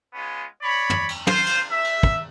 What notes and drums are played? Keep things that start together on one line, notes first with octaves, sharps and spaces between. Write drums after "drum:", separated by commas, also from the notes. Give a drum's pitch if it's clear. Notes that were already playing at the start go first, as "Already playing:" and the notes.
G#3 B3 C#4 F4
C#5 D5 B5
drum: tom
drum: cymbal
F4 C5, drum: tom
drum: cymbal
E5
drum: cymbal
drum: kick